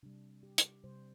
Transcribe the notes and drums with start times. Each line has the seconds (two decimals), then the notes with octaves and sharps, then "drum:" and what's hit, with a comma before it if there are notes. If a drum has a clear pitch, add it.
0.03 C3 G3 D4
0.43 G4
0.58 drum: hi-hat
0.84 C3 G3 C5